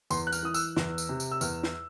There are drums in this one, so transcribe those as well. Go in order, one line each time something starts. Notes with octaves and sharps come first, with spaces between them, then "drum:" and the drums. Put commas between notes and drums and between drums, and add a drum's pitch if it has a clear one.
E2 C6, drum: tambourine
F#6
F6, drum: tambourine
E3 D#6
E6, drum: tambourine
E2, drum: snare
drum: tambourine
C3
drum: tambourine
E6
E2 F6, drum: tambourine
drum: snare